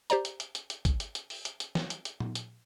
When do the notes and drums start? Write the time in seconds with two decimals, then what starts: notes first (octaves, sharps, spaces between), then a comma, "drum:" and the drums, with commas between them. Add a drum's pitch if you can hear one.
0.10 G4 C5 D5 A#5, drum: hi-hat
0.25 drum: hi-hat
0.40 drum: hi-hat
0.55 drum: hi-hat
0.70 drum: hi-hat
0.85 drum: kick, hi-hat
1.00 drum: hi-hat
1.15 drum: hi-hat
1.30 drum: open hi-hat
1.45 drum: hi-hat
1.60 drum: hi-hat
1.75 drum: snare
1.90 drum: hi-hat
2.05 drum: hi-hat
2.20 drum: tom A#2
2.35 drum: hi-hat